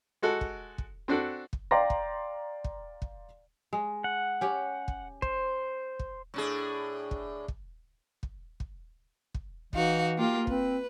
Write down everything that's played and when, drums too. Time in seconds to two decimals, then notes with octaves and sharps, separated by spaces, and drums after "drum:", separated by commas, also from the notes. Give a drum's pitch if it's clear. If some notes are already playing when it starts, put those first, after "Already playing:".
0.22 G#3 F#4 A4
0.41 drum: kick
0.78 drum: kick
1.08 C4 D4 F#4 A4
1.53 drum: kick
1.71 D5 F5 G5 A#5 C6 A#6
1.90 drum: kick
2.64 drum: kick
3.02 drum: kick
3.73 G#3
4.04 F#5
4.41 C#4 G4
4.88 drum: kick
5.22 C5, drum: kick
5.99 drum: kick
6.34 A2 D4 G#4
7.11 drum: kick
7.48 drum: kick
8.23 drum: kick
8.60 drum: kick
9.34 drum: kick
9.73 E3 D#4 F#4 F5, drum: kick
10.17 A#3 F4 G4
10.47 C4 B4, drum: kick